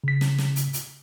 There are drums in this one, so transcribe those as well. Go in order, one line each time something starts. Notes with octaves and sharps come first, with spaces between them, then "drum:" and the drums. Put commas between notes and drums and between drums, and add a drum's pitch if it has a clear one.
C#3 B6
drum: snare
drum: snare
drum: hi-hat
drum: hi-hat